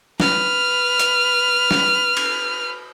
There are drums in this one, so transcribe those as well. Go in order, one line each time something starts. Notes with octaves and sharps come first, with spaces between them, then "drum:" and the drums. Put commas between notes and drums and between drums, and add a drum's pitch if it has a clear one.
B4 F6, drum: snare
drum: hi-hat
drum: snare
drum: cymbal